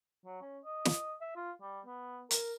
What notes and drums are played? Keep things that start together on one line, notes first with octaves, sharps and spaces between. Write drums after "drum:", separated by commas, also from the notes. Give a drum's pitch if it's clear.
F#3
C#4
D#5
drum: snare
E5
F4
G3
B3
A#4, drum: hi-hat